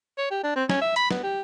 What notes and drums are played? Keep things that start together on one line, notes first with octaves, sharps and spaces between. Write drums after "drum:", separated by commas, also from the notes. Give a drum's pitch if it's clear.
C#5
G4
D4
C4
C#4, drum: snare
E5
B5, drum: hi-hat
B3, drum: snare
G4